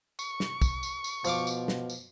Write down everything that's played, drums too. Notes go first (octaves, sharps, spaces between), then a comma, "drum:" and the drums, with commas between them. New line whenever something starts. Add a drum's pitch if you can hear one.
C#6, drum: tambourine
drum: snare
drum: kick, tambourine
drum: tambourine
drum: tambourine
B2 F3 F5 D6, drum: tambourine
drum: tambourine
drum: snare
drum: tambourine